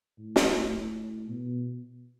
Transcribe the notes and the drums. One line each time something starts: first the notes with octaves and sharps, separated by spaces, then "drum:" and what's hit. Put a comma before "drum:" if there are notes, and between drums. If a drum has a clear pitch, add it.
A2
drum: snare
B2